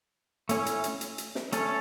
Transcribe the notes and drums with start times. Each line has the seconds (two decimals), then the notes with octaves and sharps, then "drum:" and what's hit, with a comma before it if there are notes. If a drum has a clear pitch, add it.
0.49 A3 C#4 E4, drum: hi-hat
0.66 drum: hi-hat
0.84 drum: hi-hat
1.01 drum: hi-hat
1.18 drum: hi-hat
1.35 drum: snare
1.52 A3 C#4 A4 C#5, drum: hi-hat